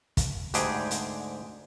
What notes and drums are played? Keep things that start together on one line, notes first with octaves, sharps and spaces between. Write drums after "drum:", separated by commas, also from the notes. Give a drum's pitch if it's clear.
drum: kick, hi-hat
D2 G#2 D3 G4 G#4 G5, drum: hi-hat
drum: hi-hat